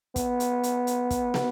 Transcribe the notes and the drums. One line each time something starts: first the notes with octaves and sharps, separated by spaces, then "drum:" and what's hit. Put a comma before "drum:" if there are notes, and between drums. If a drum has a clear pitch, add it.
B3, drum: kick, hi-hat
drum: hi-hat
drum: hi-hat
drum: hi-hat
drum: kick, hi-hat
drum: snare